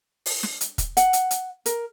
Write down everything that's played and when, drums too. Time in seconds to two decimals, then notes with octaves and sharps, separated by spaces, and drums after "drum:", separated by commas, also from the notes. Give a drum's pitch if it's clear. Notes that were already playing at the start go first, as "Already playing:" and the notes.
0.26 drum: open hi-hat
0.43 drum: snare
0.61 drum: hi-hat
0.78 drum: kick, hi-hat
0.97 F#5, drum: hi-hat
1.13 drum: hi-hat
1.31 drum: hi-hat
1.66 A#4, drum: hi-hat